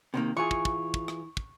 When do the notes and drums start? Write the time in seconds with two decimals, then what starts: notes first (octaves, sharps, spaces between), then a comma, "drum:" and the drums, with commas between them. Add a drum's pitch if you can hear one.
0.14 C3 D#3 A#3
0.37 E3 F4 G#4 C#6
0.51 drum: kick
0.65 drum: kick
0.94 drum: kick
1.08 drum: rim click
1.37 drum: kick